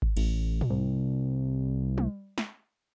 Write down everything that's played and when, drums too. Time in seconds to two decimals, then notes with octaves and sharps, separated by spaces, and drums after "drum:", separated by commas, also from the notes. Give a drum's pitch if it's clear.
0.02 drum: kick G#1
0.17 A1, drum: cymbal
0.61 drum: tom
0.70 C2
1.98 drum: tom
2.38 drum: snare